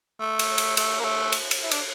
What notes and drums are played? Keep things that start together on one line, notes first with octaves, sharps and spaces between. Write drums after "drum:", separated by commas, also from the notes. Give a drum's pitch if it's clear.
A3
drum: cymbal
drum: cymbal
A3, drum: cymbal
A#3
A3
drum: cymbal
drum: cymbal
E4
D4, drum: cymbal